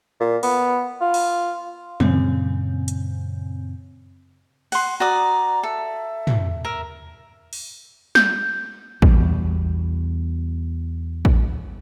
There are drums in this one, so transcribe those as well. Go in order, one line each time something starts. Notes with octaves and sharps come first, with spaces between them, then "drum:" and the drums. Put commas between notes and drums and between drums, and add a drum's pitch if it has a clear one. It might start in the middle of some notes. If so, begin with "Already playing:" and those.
A#2
B3, drum: open hi-hat
F4
drum: open hi-hat
F#2 A#2 C#3 C4, drum: tom
drum: hi-hat
F#5 C6, drum: cymbal
F#4 D5 A#5 D#6
A4 E5
drum: tom
A#4 E5
drum: open hi-hat
G6, drum: snare
E2 B2 G3, drum: kick A1
drum: kick A1